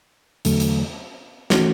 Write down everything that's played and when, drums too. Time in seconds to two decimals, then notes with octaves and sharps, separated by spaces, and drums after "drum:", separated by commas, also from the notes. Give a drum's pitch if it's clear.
0.45 E2 D3 F#3 A3, drum: hi-hat
0.60 drum: hi-hat
1.50 E3 A3 C#4 F#4, drum: snare